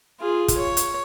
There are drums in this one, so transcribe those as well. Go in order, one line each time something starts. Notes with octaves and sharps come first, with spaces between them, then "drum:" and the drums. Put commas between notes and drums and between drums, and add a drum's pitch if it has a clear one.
F4 G#4
drum: kick, hi-hat
C#5
drum: hi-hat